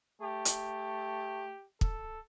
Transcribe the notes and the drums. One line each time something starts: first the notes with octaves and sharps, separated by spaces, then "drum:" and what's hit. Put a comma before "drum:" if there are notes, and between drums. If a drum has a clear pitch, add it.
A3 G4
drum: hi-hat
A4, drum: kick